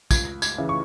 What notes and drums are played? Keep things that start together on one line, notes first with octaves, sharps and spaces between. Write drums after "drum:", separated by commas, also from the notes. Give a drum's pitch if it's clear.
C#2 G#6, drum: kick, tambourine
G#6, drum: tambourine
C#3 E3
C#6